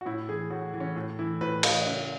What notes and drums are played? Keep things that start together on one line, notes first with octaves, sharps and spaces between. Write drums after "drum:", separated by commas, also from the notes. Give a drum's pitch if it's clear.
F#4
A2 E4
E3 G#4
A2 F#4
E3
C#4
A2
E3 E4
A2 B4
E3 D#5, drum: cymbal
C#3 E5